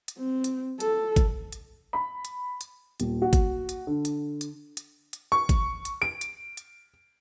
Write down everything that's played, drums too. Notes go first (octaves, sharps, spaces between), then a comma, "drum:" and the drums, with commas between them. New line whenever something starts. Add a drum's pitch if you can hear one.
drum: hi-hat
C4
drum: hi-hat
A4, drum: hi-hat
drum: kick, hi-hat
drum: hi-hat
B5
drum: hi-hat
drum: hi-hat
D#1, drum: hi-hat
F#4
drum: kick, hi-hat
drum: hi-hat
D3
drum: hi-hat
drum: hi-hat
drum: hi-hat
drum: hi-hat
C#6
drum: kick, hi-hat
drum: hi-hat
D7
drum: hi-hat
drum: hi-hat